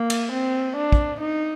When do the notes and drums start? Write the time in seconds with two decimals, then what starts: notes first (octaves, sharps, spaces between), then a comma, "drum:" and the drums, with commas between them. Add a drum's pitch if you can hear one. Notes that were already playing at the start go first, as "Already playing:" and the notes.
Already playing: A#3
0.10 drum: cymbal
0.32 C4
0.77 D4
0.92 drum: kick
1.21 D#4